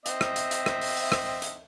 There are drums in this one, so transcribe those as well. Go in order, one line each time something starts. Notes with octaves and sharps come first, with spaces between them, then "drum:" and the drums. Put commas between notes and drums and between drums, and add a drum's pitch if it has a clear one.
C4 D#5 E5, drum: hi-hat
drum: rim click
drum: hi-hat
drum: hi-hat
drum: rim click
drum: open hi-hat
drum: open hi-hat
drum: rim click
drum: hi-hat